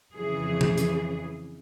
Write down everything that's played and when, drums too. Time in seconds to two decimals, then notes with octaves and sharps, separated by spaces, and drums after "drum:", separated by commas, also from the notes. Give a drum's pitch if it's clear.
0.14 F2 C#3 E3 G#4
0.61 drum: tom C3
0.78 drum: hi-hat